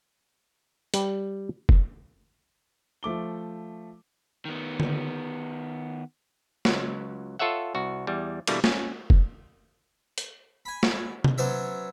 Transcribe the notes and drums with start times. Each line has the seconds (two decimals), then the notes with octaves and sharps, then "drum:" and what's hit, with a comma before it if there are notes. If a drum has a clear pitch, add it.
0.94 G3, drum: hi-hat
1.69 drum: kick F1
3.03 F3 A3 D6 G7
4.45 D#3 B3
4.80 drum: tom D3
6.65 C#2 F#3, drum: snare
7.39 F4 A4 C#5 E5 F#5
7.75 C2 F#4
8.07 E2 G3
8.47 B2 D3 E3 G3 A#3, drum: cymbal
8.64 C#4, drum: snare
9.10 drum: kick F1
10.18 drum: hi-hat
10.65 G#5 B5
10.83 drum: snare
11.24 drum: tom C3
11.38 F#3 B3 C#4 C5 D5 E5